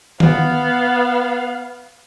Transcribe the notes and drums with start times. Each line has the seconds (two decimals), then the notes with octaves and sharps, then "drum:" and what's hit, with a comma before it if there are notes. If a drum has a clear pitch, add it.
0.20 B3 F5, drum: tom D#3